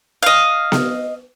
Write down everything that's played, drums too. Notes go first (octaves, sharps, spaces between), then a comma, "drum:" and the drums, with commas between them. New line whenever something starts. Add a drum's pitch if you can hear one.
D#5 F5
drum: snare B3